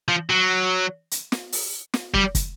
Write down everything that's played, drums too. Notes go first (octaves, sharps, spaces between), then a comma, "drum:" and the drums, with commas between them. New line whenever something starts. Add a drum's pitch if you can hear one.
F3
F#3
drum: hi-hat
drum: snare
drum: open hi-hat
drum: snare
G3, drum: kick
drum: kick, hi-hat